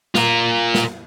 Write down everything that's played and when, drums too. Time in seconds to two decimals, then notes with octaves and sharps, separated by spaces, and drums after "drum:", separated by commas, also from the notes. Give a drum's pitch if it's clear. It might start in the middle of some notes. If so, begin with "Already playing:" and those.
0.15 F4 A#4, drum: snare
0.74 drum: snare